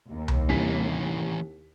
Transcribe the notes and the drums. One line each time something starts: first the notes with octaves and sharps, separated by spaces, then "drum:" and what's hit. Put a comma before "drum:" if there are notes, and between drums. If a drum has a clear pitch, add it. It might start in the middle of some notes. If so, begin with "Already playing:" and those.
D#2
drum: tom C2
C2 E3 C#4 G#5 B6